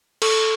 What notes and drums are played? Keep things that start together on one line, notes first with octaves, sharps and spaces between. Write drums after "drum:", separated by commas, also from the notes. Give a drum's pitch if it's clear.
A4 C#6, drum: cymbal